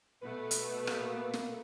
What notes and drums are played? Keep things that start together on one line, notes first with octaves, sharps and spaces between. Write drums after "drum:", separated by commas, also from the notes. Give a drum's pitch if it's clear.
B2 A3 B3 B4
drum: hi-hat
A#3, drum: rim click
drum: snare